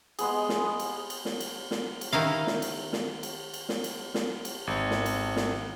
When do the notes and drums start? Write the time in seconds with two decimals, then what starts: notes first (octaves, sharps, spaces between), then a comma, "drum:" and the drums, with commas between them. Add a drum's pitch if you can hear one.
0.19 G#3 B3 G#4, drum: cymbal
0.49 drum: snare
0.80 drum: cymbal
1.10 drum: cymbal
1.25 drum: snare
1.40 drum: cymbal
1.71 drum: snare
2.01 drum: cymbal
2.13 D#3 D#4 E4 F5
2.47 drum: snare
2.62 drum: cymbal
2.93 drum: snare
3.23 drum: cymbal
3.54 drum: cymbal
3.69 drum: snare
3.84 drum: cymbal
4.14 drum: snare
4.45 drum: cymbal
4.67 G#1
4.91 drum: snare
5.06 drum: cymbal
5.36 drum: snare